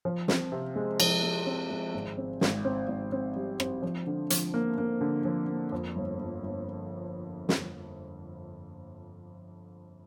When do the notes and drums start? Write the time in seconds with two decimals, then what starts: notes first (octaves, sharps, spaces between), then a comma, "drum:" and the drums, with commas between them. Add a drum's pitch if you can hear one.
0.05 F3
0.28 C4, drum: snare
0.52 C3
0.76 G#3
1.00 F3, drum: cymbal
1.24 G#3
1.46 C4
1.70 G#3
1.94 G#1
2.18 C4
2.41 G#1, drum: snare
2.65 C4
2.88 G#1
3.12 C4
3.36 G3
3.60 C4, drum: rim click
3.83 F3
4.07 D3
4.30 F3, drum: hi-hat
4.54 A#3
4.78 A#3
5.01 D3
5.25 F3
5.49 A#3
5.72 F2
5.96 G1
6.20 G1
6.43 G1
7.49 drum: snare